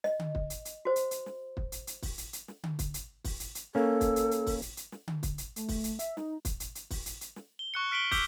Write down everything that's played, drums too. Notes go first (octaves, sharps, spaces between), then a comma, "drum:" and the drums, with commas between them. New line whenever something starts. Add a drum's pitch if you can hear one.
D#5, drum: snare
drum: tom D3
drum: kick
drum: hi-hat
drum: hi-hat
F#4 C5
drum: hi-hat
drum: hi-hat
drum: snare
drum: kick
drum: hi-hat
drum: hi-hat
drum: kick, open hi-hat
drum: hi-hat
drum: hi-hat
drum: snare
drum: tom D3
drum: kick, hi-hat
drum: hi-hat
drum: kick, open hi-hat
drum: hi-hat
drum: hi-hat
A#3 C#4 A4
drum: kick, hi-hat
drum: hi-hat
drum: hi-hat
drum: kick, open hi-hat
drum: hi-hat
drum: hi-hat
drum: snare
drum: tom D3
drum: kick, hi-hat
drum: hi-hat
A3, drum: hi-hat
drum: kick, open hi-hat
drum: hi-hat
E5, drum: hi-hat
D#4, drum: snare
drum: kick, hi-hat
drum: hi-hat
drum: hi-hat
drum: kick, open hi-hat
drum: hi-hat
drum: hi-hat
drum: snare
G7
C#6 F#6 C#7
F6 B6 D7 F#7 G7
D6 E6 F6 G6 B6 G7, drum: kick, open hi-hat